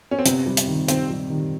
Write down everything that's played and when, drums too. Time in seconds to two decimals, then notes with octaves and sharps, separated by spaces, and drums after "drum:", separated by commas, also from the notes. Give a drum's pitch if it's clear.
0.11 C#4
0.19 C4
0.25 C3 B3, drum: hi-hat
0.46 G3
0.57 drum: hi-hat
0.67 D#3
0.88 D#3 C4, drum: hi-hat
1.10 G3
1.30 D#3